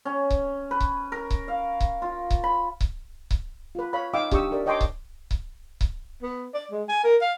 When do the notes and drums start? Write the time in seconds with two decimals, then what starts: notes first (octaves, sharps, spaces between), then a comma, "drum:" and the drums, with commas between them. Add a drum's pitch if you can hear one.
0.05 C#4
0.30 drum: kick C#1
0.71 B4
0.80 drum: kick C#1
1.12 A#4
1.31 drum: kick C#1
1.48 F5
1.81 drum: kick C#1
2.02 F4
2.31 drum: kick C#1
2.44 B5
2.81 drum: kick C#1
3.31 drum: kick C#1
3.75 F4 B4
3.93 C#5 F5 B5
4.13 D#4 D#5 F5 G5 D6 E6
4.31 D4 G4 G5 C#6 D#6 E6, drum: kick C#1
4.51 G4 A#4 D5 E5
4.66 C#5 D#5 G5 A5 C6 D6
4.81 drum: kick C#1
5.31 drum: kick C#1
5.81 drum: kick C#1
6.22 B3
6.54 D5
6.71 G#3
6.89 G#5
7.04 A#4
7.21 F5